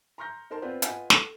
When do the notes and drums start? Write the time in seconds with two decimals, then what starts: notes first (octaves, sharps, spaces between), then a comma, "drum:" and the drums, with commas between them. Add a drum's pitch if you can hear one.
0.18 A#5 C6 C#6 F6 G6 A#6
0.50 D#4 A#4 C5 A5 C6
0.62 B3 C4 F4 B4 C5 D5
0.82 F4 B4 D#5 F#5 G#5, drum: hi-hat
1.10 A4, drum: snare